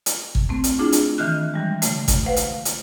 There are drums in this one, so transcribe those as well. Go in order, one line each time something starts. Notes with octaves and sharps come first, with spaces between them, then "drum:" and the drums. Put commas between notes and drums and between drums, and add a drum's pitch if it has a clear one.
drum: hi-hat
drum: kick
A3 C4
drum: hi-hat
A3 D4 E4 F4 G#4
drum: hi-hat
D#3 E3 D#5 F6 F#6
E3 G3 G#3
C#3 A3, drum: hi-hat
drum: kick, hi-hat
B4 C5 F5 F#5
drum: hi-hat
drum: hi-hat